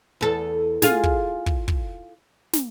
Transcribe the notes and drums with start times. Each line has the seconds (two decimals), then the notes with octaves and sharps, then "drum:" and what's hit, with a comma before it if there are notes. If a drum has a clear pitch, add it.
0.21 E2 A4
0.82 F4 G#4, drum: snare
1.03 drum: kick
1.46 drum: kick
1.68 drum: kick
2.53 drum: snare